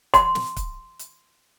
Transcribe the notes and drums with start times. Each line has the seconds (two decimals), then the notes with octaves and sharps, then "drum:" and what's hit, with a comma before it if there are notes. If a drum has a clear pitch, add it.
0.14 C6, drum: kick, hi-hat
0.35 drum: snare
0.57 drum: kick, hi-hat
0.99 drum: hi-hat